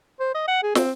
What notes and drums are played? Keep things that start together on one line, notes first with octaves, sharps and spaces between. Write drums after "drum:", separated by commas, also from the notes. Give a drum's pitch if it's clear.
C5
D#5
F#5
G#4
C4, drum: snare